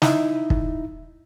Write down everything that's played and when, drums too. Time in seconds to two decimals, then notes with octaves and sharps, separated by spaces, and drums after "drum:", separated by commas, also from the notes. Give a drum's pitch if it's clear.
0.02 D#4 E4 E5, drum: snare
0.50 drum: kick